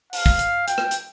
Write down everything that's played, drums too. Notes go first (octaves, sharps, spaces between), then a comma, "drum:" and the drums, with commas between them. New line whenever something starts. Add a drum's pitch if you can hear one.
F5, drum: open hi-hat
drum: kick
drum: hi-hat
G5, drum: hi-hat
drum: rim click
drum: hi-hat